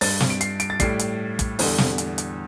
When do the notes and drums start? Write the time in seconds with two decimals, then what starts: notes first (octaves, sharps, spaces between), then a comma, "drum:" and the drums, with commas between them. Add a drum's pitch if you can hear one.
0.01 G2 G3 A6, drum: open hi-hat
0.20 drum: snare
0.30 D7
0.41 C7, drum: hi-hat
0.60 D7, drum: hi-hat
0.70 A6
0.80 A2 G3 C7, drum: kick, hi-hat
0.99 drum: hi-hat
1.39 drum: kick, hi-hat
1.59 E2 D3 G3, drum: open hi-hat
1.78 drum: snare
1.98 drum: hi-hat
2.18 drum: hi-hat